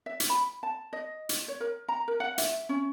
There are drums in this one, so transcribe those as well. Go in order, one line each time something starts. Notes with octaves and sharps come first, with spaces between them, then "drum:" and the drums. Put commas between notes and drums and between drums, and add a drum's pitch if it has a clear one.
E5
drum: hi-hat
B5
A5
D#5
drum: hi-hat
C#5
A#4
A#5
A#4
F#5
E5, drum: hi-hat
C#4